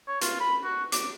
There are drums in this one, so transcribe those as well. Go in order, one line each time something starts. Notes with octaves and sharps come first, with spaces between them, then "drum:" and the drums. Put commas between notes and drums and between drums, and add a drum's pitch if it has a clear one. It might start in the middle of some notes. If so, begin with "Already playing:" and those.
C#5
F4, drum: hi-hat
B5
F#4
D6, drum: hi-hat